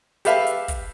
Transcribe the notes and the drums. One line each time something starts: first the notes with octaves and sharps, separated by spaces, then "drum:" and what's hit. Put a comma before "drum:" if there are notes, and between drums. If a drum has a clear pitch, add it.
G4 A4 B4 E5 F5, drum: hi-hat
drum: hi-hat
drum: kick, hi-hat